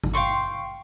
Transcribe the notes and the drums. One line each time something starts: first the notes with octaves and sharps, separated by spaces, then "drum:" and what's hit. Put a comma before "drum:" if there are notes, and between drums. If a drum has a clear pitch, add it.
drum: kick G#1
F5 G5 C6 C#6